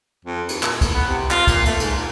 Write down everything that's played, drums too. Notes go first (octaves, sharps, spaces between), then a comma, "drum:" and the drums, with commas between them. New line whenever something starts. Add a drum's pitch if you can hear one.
F2
D#2, drum: cymbal
A#2, drum: clap
A2, drum: kick, cymbal
B3
C3
F4, drum: clap
A#2, drum: kick, cymbal
A3, drum: cymbal
G#2, drum: cymbal
A#2